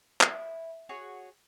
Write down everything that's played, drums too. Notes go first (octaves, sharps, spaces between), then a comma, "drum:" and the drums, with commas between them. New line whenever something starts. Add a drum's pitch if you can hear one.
E4, drum: clap
F#4 G#4 C#5